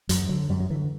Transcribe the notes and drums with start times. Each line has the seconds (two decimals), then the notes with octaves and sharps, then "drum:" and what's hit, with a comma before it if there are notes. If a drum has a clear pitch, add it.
0.09 F#2 F#3, drum: hi-hat
0.29 D3 F#3
0.49 F#2 G3
0.60 F#3
0.70 D3 E3